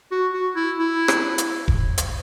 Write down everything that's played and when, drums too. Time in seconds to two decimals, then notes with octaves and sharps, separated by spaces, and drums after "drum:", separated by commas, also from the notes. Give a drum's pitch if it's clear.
0.12 F#4
0.33 F#4
0.56 E4
0.79 E4
1.08 drum: rim click
1.38 drum: hi-hat
1.68 drum: kick E1
1.98 drum: hi-hat